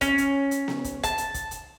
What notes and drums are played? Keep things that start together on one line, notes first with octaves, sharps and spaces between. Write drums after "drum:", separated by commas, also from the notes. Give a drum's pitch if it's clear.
C#4, drum: kick, hi-hat
drum: hi-hat
drum: hi-hat
drum: snare B3
drum: kick, hi-hat
A5, drum: kick, hi-hat
drum: hi-hat
drum: kick, hi-hat
drum: hi-hat